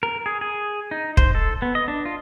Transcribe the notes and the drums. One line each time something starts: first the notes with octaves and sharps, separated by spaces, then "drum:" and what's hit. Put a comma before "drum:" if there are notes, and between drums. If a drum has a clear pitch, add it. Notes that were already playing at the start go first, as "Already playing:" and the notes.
A#4
G#4
G#4
D#4
C5, drum: kick
A4
B3
D#5
D4
F4